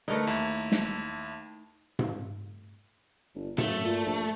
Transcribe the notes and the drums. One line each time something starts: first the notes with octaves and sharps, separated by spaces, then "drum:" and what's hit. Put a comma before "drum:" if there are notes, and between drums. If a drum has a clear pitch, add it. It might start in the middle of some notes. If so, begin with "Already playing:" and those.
D3 A3 D#4 A#4 B4
D#2 E4
drum: snare
drum: tom G#2
G1
F#2 A3, drum: tom G#2
A#2
A#1